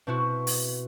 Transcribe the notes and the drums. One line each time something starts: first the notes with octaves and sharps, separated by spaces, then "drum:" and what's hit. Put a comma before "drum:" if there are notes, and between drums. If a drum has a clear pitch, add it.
B2 C4 E4 F#4
drum: open hi-hat